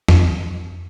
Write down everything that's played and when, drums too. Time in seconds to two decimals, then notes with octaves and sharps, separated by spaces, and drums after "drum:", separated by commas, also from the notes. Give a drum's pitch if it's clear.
0.09 F2, drum: snare